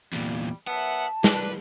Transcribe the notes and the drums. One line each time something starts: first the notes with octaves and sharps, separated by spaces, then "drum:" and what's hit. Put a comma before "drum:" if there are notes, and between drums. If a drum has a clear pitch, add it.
E2 A#2 G3
F#2 B3 E5 F#5 A5
D4 B4, drum: snare